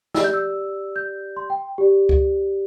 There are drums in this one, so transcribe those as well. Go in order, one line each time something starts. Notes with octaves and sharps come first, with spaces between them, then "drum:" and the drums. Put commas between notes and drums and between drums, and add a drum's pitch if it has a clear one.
G4 D5 E6, drum: snare
G6
E6
G6
C6
G5
G4 D5
drum: kick C#2